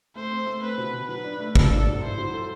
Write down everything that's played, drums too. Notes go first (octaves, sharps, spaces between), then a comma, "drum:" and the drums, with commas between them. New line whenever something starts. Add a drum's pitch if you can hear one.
A3 C5
C4
A3
C4 B4
B2
B2
F#3 B4
D4
A3
D4 A4, drum: kick
D4
F#3
E4 C5
F#3
A4